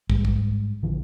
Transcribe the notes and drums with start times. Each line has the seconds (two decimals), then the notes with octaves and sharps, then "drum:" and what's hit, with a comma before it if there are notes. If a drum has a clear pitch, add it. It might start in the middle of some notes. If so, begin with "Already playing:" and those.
0.10 G#2 G3, drum: kick
0.25 drum: kick
0.83 A#1 D3 E3 F3